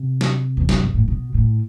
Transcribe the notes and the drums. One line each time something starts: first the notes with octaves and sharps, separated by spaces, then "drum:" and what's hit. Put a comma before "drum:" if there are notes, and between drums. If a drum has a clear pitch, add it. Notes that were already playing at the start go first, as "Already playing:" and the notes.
Already playing: C3
drum: snare
E2
F#2, drum: snare
G2
A2
B2
A2